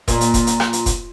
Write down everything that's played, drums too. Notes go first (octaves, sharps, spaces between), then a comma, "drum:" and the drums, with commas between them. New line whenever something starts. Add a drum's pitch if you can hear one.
A#2, drum: kick, hi-hat
drum: hi-hat
drum: kick, hi-hat
drum: hi-hat
drum: rim click
drum: hi-hat
drum: kick, hi-hat